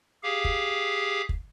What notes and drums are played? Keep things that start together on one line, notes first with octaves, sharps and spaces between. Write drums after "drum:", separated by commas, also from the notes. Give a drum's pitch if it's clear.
G4 G#4 F5
drum: kick
drum: kick